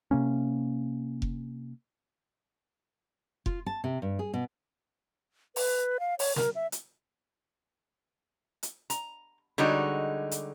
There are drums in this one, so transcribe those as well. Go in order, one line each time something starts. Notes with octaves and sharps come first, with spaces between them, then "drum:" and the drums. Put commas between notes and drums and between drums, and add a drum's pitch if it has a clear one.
C3 A#3 C#4
drum: kick F1
F4, drum: kick F1
A5
C3
G2
G#4
B2
B4, drum: open hi-hat
F5
C#5, drum: open hi-hat
A#4, drum: snare
E5
drum: hi-hat
drum: hi-hat
A#5, drum: hi-hat
D3 G3 G#3 D#4 F#4 C#5
drum: hi-hat